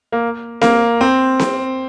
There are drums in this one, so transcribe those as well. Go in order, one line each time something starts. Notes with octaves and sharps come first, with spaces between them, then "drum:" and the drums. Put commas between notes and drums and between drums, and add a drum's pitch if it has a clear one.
A#3
A#3, drum: snare C4
C4
drum: snare C4